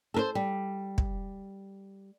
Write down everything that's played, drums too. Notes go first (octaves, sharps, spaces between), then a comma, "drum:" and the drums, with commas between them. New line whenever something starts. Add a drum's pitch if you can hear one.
A4 A#4 C5
G3
drum: kick